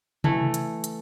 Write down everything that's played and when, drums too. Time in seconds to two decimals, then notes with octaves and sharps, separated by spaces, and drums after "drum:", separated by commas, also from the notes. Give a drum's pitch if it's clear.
0.24 E3 A3, drum: tom C3
0.54 drum: hi-hat
0.84 drum: hi-hat